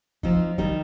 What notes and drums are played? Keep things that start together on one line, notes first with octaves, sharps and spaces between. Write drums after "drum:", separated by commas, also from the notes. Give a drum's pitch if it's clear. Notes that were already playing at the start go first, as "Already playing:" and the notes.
F3 C4 D#4, drum: kick
D#3 G3 D#4, drum: kick